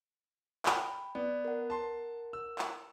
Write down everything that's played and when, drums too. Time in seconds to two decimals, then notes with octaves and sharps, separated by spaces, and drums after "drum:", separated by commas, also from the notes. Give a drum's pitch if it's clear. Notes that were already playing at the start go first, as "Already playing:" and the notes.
0.66 G5 B5, drum: clap
1.15 B3 D5
1.45 A#4 F#5
1.70 A5 C6
2.33 E6
2.59 drum: clap